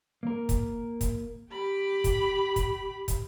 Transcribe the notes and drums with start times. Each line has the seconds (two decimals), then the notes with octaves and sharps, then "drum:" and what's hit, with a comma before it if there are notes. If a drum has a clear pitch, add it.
0.23 A#3 A#4
0.49 drum: kick, hi-hat
1.01 drum: kick, hi-hat
1.50 G4 B5
2.04 drum: kick, hi-hat
2.56 drum: kick, hi-hat
3.08 drum: kick, hi-hat